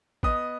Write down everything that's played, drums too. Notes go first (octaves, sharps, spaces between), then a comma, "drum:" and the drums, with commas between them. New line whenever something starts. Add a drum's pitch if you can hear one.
B3 D#5 D#6, drum: kick A1